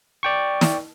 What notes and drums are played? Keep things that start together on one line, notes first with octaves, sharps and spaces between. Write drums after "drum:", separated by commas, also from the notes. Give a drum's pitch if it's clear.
D5 G5 C#6
drum: snare